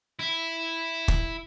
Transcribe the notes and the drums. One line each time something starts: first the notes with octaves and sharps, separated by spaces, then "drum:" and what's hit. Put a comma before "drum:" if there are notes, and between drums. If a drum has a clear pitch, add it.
E4 E5
drum: kick